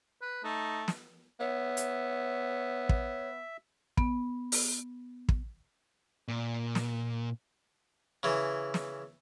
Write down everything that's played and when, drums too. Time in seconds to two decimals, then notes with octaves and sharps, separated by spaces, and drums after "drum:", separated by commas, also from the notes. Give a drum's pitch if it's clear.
0.22 B4
0.44 A3 D#4
0.88 drum: snare
1.40 B3 C#5 E5
1.77 drum: hi-hat
2.89 drum: kick
3.97 B3, drum: kick
4.52 drum: open hi-hat
5.29 drum: kick
6.28 A#2
6.75 drum: snare
8.23 C#3 E3
8.74 drum: snare